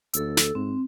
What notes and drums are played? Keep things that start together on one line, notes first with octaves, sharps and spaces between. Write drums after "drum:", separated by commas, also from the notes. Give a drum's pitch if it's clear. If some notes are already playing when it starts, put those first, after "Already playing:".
D2 A4 E6, drum: hi-hat
drum: snare
G#2 C4